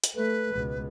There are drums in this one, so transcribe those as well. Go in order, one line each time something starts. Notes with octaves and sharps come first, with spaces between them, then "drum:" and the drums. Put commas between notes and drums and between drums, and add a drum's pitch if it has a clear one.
drum: hi-hat
A3 B4
C#2 B2